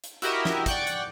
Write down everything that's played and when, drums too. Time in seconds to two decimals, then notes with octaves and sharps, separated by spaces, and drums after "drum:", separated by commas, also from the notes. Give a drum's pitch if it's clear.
0.04 drum: hi-hat
0.22 E4 F#4 G4 A#4 D#5 E5, drum: hi-hat
0.45 drum: snare
0.66 D5 F#5 G5 C#6 F#6, drum: kick, hi-hat
0.87 drum: hi-hat